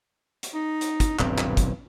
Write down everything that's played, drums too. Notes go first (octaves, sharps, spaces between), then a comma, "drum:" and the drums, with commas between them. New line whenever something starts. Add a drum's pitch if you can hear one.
drum: hi-hat
D#4
drum: hi-hat
drum: kick, hi-hat
D#1 B1 G2 C4, drum: clap
drum: clap
drum: kick, hi-hat